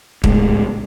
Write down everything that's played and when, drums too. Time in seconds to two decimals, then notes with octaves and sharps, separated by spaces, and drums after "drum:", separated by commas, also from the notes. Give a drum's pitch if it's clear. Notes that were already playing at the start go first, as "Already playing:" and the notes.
0.24 C#2 A2 G#3, drum: kick